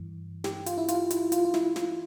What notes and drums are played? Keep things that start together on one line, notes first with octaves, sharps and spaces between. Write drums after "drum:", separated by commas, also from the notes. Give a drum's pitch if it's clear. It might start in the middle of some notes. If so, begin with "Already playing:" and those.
Already playing: G2 E3
G4, drum: snare
F4, drum: hi-hat
E4
F4, drum: hi-hat
E4, drum: hi-hat
F4, drum: hi-hat
F4
E4, drum: snare
F4, drum: snare